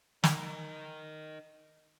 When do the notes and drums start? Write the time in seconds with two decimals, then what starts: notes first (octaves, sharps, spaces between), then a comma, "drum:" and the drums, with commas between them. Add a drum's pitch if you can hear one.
0.24 D#4 A#4, drum: snare